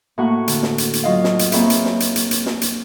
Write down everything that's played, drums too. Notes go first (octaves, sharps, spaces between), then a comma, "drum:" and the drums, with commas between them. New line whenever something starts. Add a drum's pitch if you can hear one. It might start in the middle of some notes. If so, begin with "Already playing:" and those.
A2 A#3 F#4 F#5 C#6
D3, drum: hi-hat
drum: snare
drum: hi-hat
drum: hi-hat
F#3 F4 D#5 F5
drum: snare
drum: hi-hat
A#3 C4 G#4 B4 C#5 E5, drum: hi-hat
drum: hi-hat
drum: snare
drum: hi-hat
drum: hi-hat
drum: hi-hat
drum: snare
drum: hi-hat